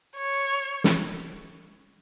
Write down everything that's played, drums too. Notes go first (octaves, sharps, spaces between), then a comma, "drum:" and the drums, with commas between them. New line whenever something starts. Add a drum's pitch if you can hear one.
C#5
drum: snare